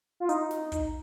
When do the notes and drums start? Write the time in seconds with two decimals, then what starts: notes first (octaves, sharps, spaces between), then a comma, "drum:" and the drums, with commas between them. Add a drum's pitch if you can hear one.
0.20 F4
0.29 D#4, drum: hi-hat
0.51 drum: snare
0.72 drum: kick, hi-hat